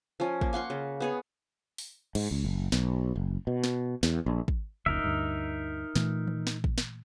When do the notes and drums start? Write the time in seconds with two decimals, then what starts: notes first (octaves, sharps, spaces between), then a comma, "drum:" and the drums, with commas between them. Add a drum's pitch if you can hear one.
0.20 F3 C#4
0.41 A#3, drum: kick
0.53 F5 F#5 C6 C#6
0.70 C#3
1.00 B3 G#4 C#5
1.78 drum: open hi-hat
2.15 G#2, drum: cymbal
2.31 C#2
2.45 F#1
2.72 B1, drum: snare
3.16 F#1
3.47 B2
3.64 drum: snare
4.03 E2, drum: snare
4.26 A#1
4.48 drum: kick
4.86 F1 C#2 D#4 A#4 E5
5.04 D2 G2
5.95 A#2 E3 A3, drum: snare
6.28 drum: tom D#3
6.47 drum: snare
6.64 drum: kick
6.78 drum: snare